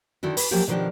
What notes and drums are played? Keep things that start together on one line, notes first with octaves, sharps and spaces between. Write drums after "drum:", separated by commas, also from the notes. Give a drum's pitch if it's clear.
D3 D#3 E4 F#4
B4, drum: open hi-hat
F3 F#3 A#3 G4 G#4
B2 D#3 F3 D4 G4